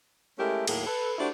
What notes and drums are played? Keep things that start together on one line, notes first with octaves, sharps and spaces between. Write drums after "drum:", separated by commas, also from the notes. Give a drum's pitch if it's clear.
G#3 A3 C#4 E4 G4 A#4
D#2 A2 F#3 A#3 G#4, drum: cymbal
A4 B4
A3 D4 E4 F#4 G4 C5